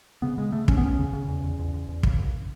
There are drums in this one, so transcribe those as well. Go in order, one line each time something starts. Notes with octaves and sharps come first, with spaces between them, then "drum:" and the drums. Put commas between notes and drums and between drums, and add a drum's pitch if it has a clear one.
C#3 B3
C#3 G#3
C#3 A3
D#2 C#4, drum: kick
B3
D#2 C#4
C#3
C#3
E2
E2
E2
E2
E2
C#3, drum: kick
F#2